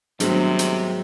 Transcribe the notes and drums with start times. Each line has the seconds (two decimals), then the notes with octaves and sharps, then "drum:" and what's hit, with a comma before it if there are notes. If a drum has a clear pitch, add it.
0.20 G#2 C3 D#3 F#3 G3 A3 B3 D4, drum: hi-hat
0.59 drum: hi-hat